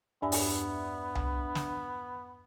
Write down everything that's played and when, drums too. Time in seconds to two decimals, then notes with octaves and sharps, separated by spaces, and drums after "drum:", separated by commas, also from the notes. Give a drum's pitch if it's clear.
0.22 E2 G2 B3 D4 E5 G#5
0.32 drum: open hi-hat
1.15 drum: tom C2
1.55 drum: snare